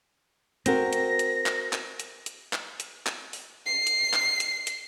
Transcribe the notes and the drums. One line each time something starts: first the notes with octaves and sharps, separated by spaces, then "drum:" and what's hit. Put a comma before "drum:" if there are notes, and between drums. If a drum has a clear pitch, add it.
C4 F#4 A#4 A#6, drum: hi-hat
drum: hi-hat
drum: hi-hat
drum: clap
drum: clap
drum: hi-hat
drum: hi-hat
drum: clap
drum: hi-hat
drum: clap
drum: open hi-hat
C7
drum: hi-hat
drum: clap
drum: hi-hat
drum: hi-hat